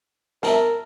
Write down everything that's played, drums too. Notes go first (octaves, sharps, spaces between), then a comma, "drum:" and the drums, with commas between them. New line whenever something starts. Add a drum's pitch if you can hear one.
A#4 E5 A5, drum: snare